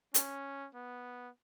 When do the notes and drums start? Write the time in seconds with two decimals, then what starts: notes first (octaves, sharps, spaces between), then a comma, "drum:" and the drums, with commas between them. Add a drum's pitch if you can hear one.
0.14 C#4, drum: hi-hat
0.75 B3